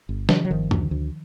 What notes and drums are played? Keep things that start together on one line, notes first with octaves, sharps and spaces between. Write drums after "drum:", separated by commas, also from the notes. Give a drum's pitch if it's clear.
G1
C#3 E3 F#3, drum: snare
F#3
G1 D#3 F3
D2, drum: tom
D2